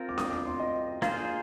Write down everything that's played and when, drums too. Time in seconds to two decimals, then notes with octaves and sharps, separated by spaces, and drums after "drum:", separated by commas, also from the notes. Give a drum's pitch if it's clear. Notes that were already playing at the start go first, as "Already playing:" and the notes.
Already playing: C4 F4 A#4
0.09 D6
0.18 D#6, drum: snare D4
0.31 D6
0.45 C6
0.60 D#5
1.02 A#3 F4 G#4 C5 F5, drum: snare D4